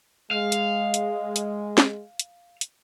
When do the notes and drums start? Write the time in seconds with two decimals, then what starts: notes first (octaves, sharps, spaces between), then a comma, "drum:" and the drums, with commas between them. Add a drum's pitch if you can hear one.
0.31 G#3 F5
0.52 drum: hi-hat
0.94 drum: hi-hat
1.36 drum: hi-hat
1.78 drum: snare
2.19 drum: hi-hat
2.61 drum: hi-hat